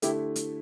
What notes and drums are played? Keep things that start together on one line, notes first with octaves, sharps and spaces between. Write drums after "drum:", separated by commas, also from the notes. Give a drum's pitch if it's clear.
D3 A3 E4 G4, drum: hi-hat
drum: hi-hat